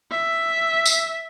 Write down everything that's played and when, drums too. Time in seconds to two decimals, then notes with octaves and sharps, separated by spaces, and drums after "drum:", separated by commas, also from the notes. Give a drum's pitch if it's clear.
0.11 E5
0.86 drum: tambourine